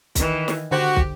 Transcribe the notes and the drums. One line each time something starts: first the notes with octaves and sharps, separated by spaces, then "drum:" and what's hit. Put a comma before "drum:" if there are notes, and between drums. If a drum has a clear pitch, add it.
D#3 E3, drum: kick, hi-hat
drum: snare
D3 F#4 G4 C5
drum: kick